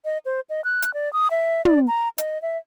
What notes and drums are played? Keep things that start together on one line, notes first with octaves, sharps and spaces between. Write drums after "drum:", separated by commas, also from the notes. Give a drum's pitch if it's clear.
D#5
C5
D#5
F#6
drum: hi-hat
D5
D#6
E5
D5, drum: tom
A#5
D#5, drum: hi-hat
E5